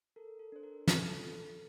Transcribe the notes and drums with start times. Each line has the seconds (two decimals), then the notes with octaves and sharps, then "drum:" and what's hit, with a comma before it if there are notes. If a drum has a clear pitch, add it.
0.16 A4 A#4
0.39 A4
0.52 D4 C5
0.63 A#4
0.88 A4, drum: snare
1.24 A4